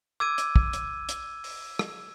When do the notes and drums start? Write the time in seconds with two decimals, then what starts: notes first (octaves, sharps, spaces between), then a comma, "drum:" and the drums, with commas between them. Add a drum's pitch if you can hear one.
0.20 D6 E6 G#6 D#7
0.38 drum: hi-hat
0.56 drum: kick
0.73 drum: hi-hat
1.09 drum: hi-hat
1.44 drum: open hi-hat
1.79 drum: rim click